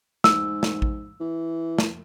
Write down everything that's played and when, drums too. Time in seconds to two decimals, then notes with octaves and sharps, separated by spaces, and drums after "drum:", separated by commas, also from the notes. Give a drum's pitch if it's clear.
0.24 G#2 E6, drum: snare
0.63 drum: snare
0.82 drum: kick A1
1.20 E3
1.78 drum: snare